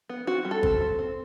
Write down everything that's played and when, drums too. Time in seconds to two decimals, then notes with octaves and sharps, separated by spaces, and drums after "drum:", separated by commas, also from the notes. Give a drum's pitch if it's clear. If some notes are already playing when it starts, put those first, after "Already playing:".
0.09 B3
0.27 C4 F#4
0.45 G3
0.51 A4
0.63 C4, drum: kick G#1
0.81 C4
0.99 C4